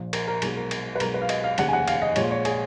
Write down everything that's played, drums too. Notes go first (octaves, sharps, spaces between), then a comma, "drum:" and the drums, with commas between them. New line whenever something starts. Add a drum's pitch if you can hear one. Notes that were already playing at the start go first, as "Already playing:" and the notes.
Already playing: A#1 A#2 F3
A#4, drum: cymbal
A#4
B1 B2 G#3 G#4, drum: cymbal
A#4
drum: cymbal
B4
B1 B2 G#3 A#4, drum: cymbal
B4
F5
D#5, drum: cymbal
F5
F1 D#2 C#3 F#5, drum: cymbal
G#5
F#5
F5, drum: cymbal
D#5
A#1 A#2 F3 G#3 C#5, drum: cymbal
C#5
G#4, drum: cymbal